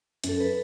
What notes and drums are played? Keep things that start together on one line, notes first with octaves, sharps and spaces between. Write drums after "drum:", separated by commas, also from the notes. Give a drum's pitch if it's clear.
F#2, drum: hi-hat
A4
B4